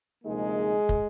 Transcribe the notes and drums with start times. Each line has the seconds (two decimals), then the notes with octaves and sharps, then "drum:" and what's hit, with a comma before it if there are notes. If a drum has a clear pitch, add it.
0.24 D2 C3 F3 G#3 A#3 D#4 G#4
0.89 drum: kick